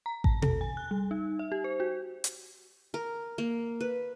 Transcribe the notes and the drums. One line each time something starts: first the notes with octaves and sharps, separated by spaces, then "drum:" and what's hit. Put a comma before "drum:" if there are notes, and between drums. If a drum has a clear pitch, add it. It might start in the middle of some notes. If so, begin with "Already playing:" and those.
A#5
A5, drum: kick A1
A4, drum: tom B2
G#5
F#6
G3
D#4
E5
G4
C5
F#4
drum: hi-hat
A#4
A#3
B4